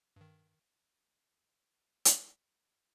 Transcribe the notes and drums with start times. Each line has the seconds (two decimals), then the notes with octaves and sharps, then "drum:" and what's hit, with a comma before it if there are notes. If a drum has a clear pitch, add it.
0.16 G2 D#3
2.05 drum: hi-hat